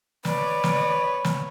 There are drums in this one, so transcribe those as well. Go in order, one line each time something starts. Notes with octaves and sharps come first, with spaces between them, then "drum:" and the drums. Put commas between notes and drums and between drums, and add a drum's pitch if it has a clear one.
B4 C#5 D5, drum: snare
drum: snare
drum: snare